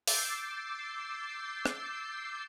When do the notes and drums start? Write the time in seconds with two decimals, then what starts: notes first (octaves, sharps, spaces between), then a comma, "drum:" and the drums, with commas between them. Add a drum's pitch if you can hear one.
0.08 D6 E6 G6 A6 C7, drum: open hi-hat
1.66 drum: rim click